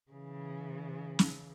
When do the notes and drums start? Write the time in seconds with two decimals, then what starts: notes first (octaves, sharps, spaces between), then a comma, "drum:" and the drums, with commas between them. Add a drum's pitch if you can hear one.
0.11 C#3 E3
1.19 drum: snare